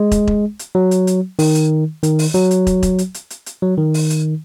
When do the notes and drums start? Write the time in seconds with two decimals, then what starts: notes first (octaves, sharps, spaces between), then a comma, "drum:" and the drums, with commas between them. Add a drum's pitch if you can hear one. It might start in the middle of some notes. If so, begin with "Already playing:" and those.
Already playing: G#3
0.11 drum: kick, hi-hat
0.27 drum: kick
0.59 drum: hi-hat
0.75 F#3
0.91 drum: hi-hat
1.07 drum: hi-hat
1.39 D#3, drum: open hi-hat
1.55 drum: hi-hat
2.03 D#3, drum: hi-hat
2.19 drum: open hi-hat
2.34 F#3, drum: hi-hat
2.51 drum: hi-hat
2.67 drum: kick, hi-hat
2.83 drum: kick, hi-hat
2.98 drum: hi-hat
3.14 drum: hi-hat
3.30 drum: hi-hat
3.46 drum: hi-hat
3.62 F#3
3.78 D#3
3.94 drum: open hi-hat
4.10 drum: hi-hat